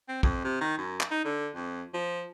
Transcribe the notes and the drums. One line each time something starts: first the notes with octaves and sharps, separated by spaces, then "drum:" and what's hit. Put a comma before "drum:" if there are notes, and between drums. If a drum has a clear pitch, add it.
C4
F2, drum: kick
C3
D#3
F#2
drum: clap
D#4
D3
F2
F3